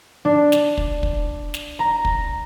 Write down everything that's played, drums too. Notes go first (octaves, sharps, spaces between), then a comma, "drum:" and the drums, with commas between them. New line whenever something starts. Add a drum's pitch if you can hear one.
D4
drum: snare
drum: kick
drum: kick
drum: snare
A#5
drum: kick